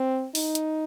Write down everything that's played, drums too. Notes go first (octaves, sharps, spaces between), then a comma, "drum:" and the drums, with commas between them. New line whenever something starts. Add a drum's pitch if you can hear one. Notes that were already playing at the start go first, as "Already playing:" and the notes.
Already playing: C4
D#4, drum: open hi-hat
drum: hi-hat